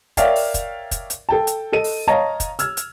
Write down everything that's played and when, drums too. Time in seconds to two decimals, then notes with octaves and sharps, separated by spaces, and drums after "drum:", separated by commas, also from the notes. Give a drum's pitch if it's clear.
0.17 A#4 C#5 D5 E5 F5 G5, drum: kick, hi-hat
0.36 drum: open hi-hat
0.54 drum: kick, hi-hat
0.91 drum: kick, hi-hat
1.10 drum: hi-hat
1.29 A4 G5 A5
1.47 drum: hi-hat
1.73 A4 D#5 D#7
1.84 drum: open hi-hat
2.07 C#5 D#5 F5 A5 A#5
2.40 drum: kick, hi-hat
2.59 E6 F6 G#6, drum: hi-hat
2.77 drum: hi-hat